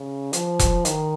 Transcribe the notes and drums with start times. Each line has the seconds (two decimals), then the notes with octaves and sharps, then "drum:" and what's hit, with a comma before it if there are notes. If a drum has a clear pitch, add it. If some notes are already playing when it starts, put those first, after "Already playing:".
Already playing: C#3
0.33 F3, drum: hi-hat
0.59 drum: kick E1, hi-hat
0.85 D#3, drum: hi-hat